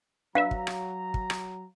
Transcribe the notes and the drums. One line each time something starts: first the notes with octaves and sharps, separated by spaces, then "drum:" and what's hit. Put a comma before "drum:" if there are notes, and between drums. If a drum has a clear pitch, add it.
F#3 D4 B4 E5 F5 A#5
drum: kick
drum: rim click
drum: kick
drum: rim click